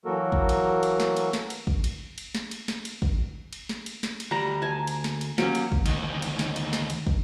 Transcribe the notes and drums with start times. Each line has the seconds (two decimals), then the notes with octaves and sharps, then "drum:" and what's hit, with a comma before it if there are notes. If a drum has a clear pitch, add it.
0.05 E3 F#3 A#3 F#4 A4 A#4
0.32 drum: kick
0.49 drum: cymbal
0.83 drum: cymbal
1.00 drum: snare
1.17 drum: cymbal
1.33 drum: snare
1.50 drum: cymbal
1.67 drum: kick
1.84 drum: cymbal
2.18 drum: cymbal
2.35 drum: snare
2.51 drum: cymbal
2.68 drum: snare
2.85 drum: cymbal
3.02 drum: kick
3.53 drum: cymbal
3.69 drum: snare
3.86 drum: cymbal
4.03 drum: snare
4.20 drum: cymbal
4.31 D2 G3 A#5
4.62 G#5 A5
4.87 drum: cymbal
5.04 drum: snare
5.21 drum: cymbal
5.38 F#3 A#3 C#4 G4, drum: snare
5.55 drum: cymbal
5.72 drum: kick
5.86 D2 D#3, drum: cymbal
6.22 drum: cymbal
6.39 drum: snare
6.56 drum: cymbal
6.73 drum: snare
6.90 drum: cymbal
7.07 drum: kick